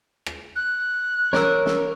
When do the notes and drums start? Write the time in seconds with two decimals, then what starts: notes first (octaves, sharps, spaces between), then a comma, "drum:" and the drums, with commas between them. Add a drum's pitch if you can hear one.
0.26 drum: rim click
0.55 F#6
1.33 A#4 C#5 D6 E6, drum: snare
1.66 drum: snare